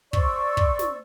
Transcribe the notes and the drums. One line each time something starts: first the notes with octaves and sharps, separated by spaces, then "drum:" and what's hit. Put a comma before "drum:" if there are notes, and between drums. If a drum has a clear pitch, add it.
C5 D5 C#6 E6, drum: kick
drum: kick
drum: snare